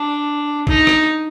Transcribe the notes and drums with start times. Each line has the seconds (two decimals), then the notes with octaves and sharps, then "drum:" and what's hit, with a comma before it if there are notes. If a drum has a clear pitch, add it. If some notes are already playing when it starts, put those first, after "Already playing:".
Already playing: D4
0.67 D#4, drum: kick A#1
0.87 drum: rim click